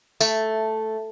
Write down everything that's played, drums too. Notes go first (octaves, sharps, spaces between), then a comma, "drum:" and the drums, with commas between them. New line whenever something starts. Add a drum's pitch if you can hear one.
A3, drum: tambourine